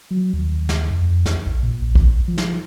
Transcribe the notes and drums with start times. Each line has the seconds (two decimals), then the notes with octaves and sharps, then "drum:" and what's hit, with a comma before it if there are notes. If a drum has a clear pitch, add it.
0.11 F#3
0.33 D#2
0.69 drum: snare
0.91 F2
1.26 E2, drum: snare
1.47 A#1
1.63 A#2
1.81 A#1
1.95 drum: kick
2.28 F3
2.38 drum: snare